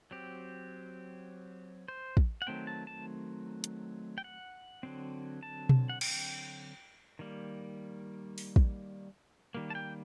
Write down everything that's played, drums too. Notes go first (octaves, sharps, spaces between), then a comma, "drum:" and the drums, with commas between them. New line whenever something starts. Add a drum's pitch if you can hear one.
F#3 C4 G4
C5
drum: kick
F#5
D#3 F#3 A3 C4 G5
A5
A5
drum: hi-hat
G5
F#5
D3 F#3 C4
A5
drum: tom B2
F#5
G5, drum: cymbal
D#3 G3 A#3
drum: open hi-hat
drum: kick
D#3 G3 A#3
A5
G5